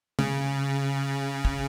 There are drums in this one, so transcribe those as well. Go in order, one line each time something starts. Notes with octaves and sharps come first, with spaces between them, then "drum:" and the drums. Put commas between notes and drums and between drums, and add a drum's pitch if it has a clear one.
C#3, drum: tom
drum: kick